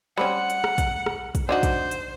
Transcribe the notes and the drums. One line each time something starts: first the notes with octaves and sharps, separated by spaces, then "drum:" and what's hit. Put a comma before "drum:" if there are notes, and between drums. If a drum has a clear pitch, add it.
G3 C4 C#4 F#5
drum: hi-hat
drum: rim click
drum: kick, hi-hat
drum: rim click
drum: kick, hi-hat
D4 D#4 F#4 C5
drum: kick, hi-hat
drum: hi-hat